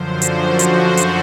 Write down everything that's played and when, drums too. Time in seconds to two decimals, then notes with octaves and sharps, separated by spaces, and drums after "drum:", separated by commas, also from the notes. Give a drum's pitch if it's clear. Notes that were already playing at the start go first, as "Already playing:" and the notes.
Already playing: F#2 D3 F3 C5
0.22 F#4, drum: hi-hat
0.59 drum: hi-hat
0.97 drum: hi-hat